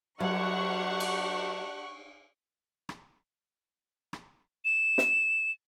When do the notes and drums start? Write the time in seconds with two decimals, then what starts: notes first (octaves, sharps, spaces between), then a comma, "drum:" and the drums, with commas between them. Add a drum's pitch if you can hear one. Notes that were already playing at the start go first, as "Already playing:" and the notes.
0.20 F#3 D4 G4 F#5 C#6, drum: cymbal
1.00 drum: cymbal
2.89 drum: rim click
4.13 drum: rim click
4.65 E7
4.98 drum: snare